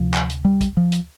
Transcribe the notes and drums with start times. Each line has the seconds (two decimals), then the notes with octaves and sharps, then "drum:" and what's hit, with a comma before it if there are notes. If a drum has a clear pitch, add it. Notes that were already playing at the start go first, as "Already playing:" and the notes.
Already playing: D2 C3 F3
0.14 drum: clap
0.30 drum: hi-hat
0.45 G3
0.61 drum: kick, hi-hat
0.77 F3
0.92 drum: hi-hat